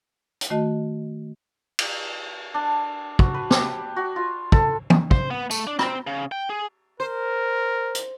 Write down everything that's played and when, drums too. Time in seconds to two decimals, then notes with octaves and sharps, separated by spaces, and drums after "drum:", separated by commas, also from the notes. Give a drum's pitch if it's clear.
0.41 drum: hi-hat
0.50 D#3 A3 F#4 D#5 A5
1.79 drum: cymbal
2.54 D4
3.19 F#4, drum: kick
3.34 B4
3.51 G4, drum: snare
3.96 F#4
4.16 F4
4.52 A4, drum: kick
4.90 drum: tom
5.11 C5, drum: kick
5.31 B3
5.51 A3, drum: tambourine
5.67 D4
5.79 C4, drum: rim click
6.07 C#3
6.32 G5
6.49 G#4
7.00 A#4 C5
7.95 drum: hi-hat